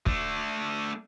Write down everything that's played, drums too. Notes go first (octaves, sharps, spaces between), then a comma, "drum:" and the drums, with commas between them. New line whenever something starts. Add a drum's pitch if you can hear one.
A3 D4, drum: kick